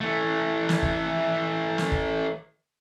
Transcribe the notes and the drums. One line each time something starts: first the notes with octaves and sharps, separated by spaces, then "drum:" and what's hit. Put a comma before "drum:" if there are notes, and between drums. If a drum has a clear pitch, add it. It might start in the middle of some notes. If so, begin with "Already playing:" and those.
E3 A3
drum: snare
drum: kick
drum: snare
drum: kick